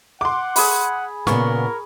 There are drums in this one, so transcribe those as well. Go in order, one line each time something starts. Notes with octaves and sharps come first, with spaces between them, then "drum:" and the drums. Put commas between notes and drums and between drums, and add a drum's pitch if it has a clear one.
F#5 C6 D6
G#4 B5, drum: open hi-hat
A#2 C#3 B3 A#4 C#6, drum: snare